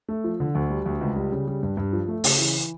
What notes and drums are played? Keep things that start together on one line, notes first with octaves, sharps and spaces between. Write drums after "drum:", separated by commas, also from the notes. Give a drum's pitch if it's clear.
A3
F3
D3
D2
G3
D2
C#2
G3
C#3
G3
G2
G2
F3
A3
C#3, drum: open hi-hat
E3